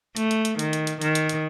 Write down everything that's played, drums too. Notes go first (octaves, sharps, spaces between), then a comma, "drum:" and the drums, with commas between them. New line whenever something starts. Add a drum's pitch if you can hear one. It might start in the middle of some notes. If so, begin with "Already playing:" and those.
A3, drum: hi-hat
drum: hi-hat
drum: hi-hat
D#3, drum: hi-hat
drum: hi-hat
drum: hi-hat
D#3, drum: hi-hat
drum: hi-hat
drum: hi-hat